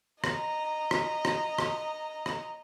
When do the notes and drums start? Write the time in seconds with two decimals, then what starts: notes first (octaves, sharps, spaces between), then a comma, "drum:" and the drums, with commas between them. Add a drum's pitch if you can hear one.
0.24 D#5 A#5, drum: rim click
0.91 drum: rim click
1.25 drum: rim click
1.58 drum: rim click
2.26 drum: rim click